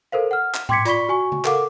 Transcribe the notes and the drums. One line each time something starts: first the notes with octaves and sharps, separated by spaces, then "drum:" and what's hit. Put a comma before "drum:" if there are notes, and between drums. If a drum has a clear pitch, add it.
A4 A#4 C5 F5
F#5 F6
drum: clap
G5 C6 D6 G#6 B6 C#7, drum: tom G#2
F4 D5 B5 C#6 B6 G7, drum: hi-hat
F#4 G#5 C#6
drum: tom C#3
A4 A#4 F5 F#5 D6, drum: clap